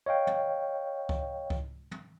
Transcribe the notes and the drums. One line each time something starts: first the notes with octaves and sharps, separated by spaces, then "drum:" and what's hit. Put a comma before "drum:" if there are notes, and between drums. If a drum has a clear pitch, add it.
C#5 D#5 F5 G5
drum: tom
drum: kick C#2
drum: kick C#2
drum: tom